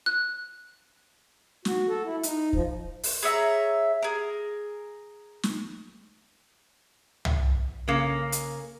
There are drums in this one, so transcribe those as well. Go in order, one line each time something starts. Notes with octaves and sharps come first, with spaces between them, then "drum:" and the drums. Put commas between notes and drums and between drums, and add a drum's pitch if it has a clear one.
F#6
F#4, drum: snare
A4
E4
D#4, drum: hi-hat
F3, drum: kick
drum: open hi-hat
G#4 C#5 E5 A#5
G#4 A#4
drum: snare
drum: tom
C#3 A#3
drum: hi-hat